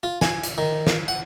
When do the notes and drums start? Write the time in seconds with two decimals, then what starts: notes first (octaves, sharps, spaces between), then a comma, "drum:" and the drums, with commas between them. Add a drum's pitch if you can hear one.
0.03 F4
0.21 G#5, drum: snare
0.43 drum: hi-hat
0.58 D#3
0.87 drum: snare
1.08 F#5